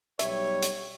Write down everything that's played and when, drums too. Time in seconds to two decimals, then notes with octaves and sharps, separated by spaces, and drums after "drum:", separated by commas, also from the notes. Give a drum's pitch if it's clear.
0.19 B1 G3 C#5 E5, drum: hi-hat
0.62 drum: hi-hat